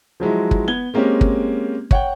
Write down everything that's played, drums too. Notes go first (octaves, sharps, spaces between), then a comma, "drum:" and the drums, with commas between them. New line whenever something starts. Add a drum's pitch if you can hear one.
F3 F#3 G#3 E4
drum: kick
B3 G#6 G7
G#3 A#3 C4 C#4 G4
drum: kick
C#5 F#5 G5, drum: kick